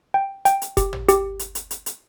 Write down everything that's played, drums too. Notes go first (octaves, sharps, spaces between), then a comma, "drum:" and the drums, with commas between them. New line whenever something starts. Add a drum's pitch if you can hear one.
G5
G5, drum: hi-hat
drum: hi-hat
G4, drum: kick F1, hi-hat
drum: tom
G4, drum: hi-hat
drum: hi-hat
drum: hi-hat
drum: hi-hat
drum: hi-hat